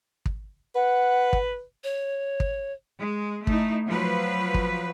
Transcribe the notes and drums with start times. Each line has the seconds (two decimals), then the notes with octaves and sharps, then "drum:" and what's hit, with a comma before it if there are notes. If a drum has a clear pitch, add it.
0.26 drum: kick
0.75 B4 F#5
1.33 drum: kick
1.84 C#5
2.40 drum: kick
3.01 G#3
3.47 A3 D#4 E4, drum: kick
3.88 F3 F#3 B4
4.54 drum: kick